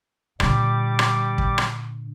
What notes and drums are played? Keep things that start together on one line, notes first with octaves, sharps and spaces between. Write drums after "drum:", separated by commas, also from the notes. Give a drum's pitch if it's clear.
A#2 D3 G3 D6, drum: rim click
drum: rim click
drum: kick
drum: rim click